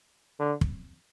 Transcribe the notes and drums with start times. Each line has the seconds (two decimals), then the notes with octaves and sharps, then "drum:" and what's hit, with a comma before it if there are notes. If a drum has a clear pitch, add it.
0.39 D3
0.61 drum: kick